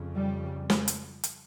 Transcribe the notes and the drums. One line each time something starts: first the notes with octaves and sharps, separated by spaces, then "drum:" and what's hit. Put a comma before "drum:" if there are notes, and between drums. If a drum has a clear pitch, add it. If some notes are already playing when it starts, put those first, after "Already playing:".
Already playing: F2 C#3
G3
drum: snare
drum: hi-hat
drum: hi-hat